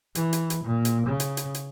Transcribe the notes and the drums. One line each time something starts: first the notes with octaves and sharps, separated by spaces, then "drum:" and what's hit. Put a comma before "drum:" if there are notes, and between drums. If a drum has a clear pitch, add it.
E3, drum: hi-hat
drum: hi-hat
drum: hi-hat
A#2
drum: hi-hat
C#3
drum: hi-hat
drum: hi-hat
drum: hi-hat